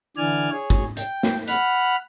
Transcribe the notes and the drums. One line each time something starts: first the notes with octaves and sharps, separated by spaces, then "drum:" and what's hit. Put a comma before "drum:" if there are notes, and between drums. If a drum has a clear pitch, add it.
D3 E3 D5 G#5 F6
G#4 C#5
drum: kick
G5, drum: hi-hat
drum: snare
F#5 B5 F6, drum: hi-hat